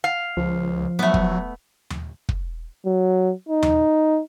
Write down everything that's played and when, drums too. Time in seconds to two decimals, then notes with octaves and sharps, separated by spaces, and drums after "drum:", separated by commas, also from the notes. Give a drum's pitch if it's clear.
0.04 F5
0.37 C#2 F3 F4
0.99 F#3 A3 B3
1.14 drum: kick
1.90 drum: tom D#2
2.29 drum: kick
2.86 F#3
3.49 D#4
3.63 drum: tom D#2